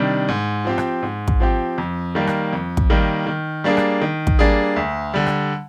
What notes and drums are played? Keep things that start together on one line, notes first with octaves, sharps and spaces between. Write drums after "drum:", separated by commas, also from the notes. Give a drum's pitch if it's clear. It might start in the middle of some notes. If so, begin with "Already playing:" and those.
Already playing: C3 D#3 G3 D4
G#2
F3 C4 G4
drum: rim click
G#2
drum: kick
F3 C4 G4
F2
D#3 G3 A#3
drum: rim click
F2
drum: kick
D#3 G3 A#3
D#3
G3 A#3 D4 G#4
drum: rim click
D#3
drum: kick
G3 A#3 D4 G#4
D2
D3 G3
drum: rim click